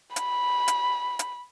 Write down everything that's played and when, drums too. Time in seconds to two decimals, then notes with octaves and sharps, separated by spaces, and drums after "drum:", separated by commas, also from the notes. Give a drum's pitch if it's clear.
0.16 B5, drum: hi-hat
0.68 drum: hi-hat
1.19 drum: hi-hat